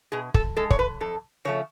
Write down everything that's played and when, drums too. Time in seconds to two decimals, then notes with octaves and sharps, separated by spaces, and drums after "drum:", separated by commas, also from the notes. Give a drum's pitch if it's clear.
0.12 B2 G#4
0.34 A4, drum: kick
0.57 G#3 A4
0.70 C#5, drum: kick
0.79 B4
1.00 F2 A4
1.45 C#3 F3 A3 C#5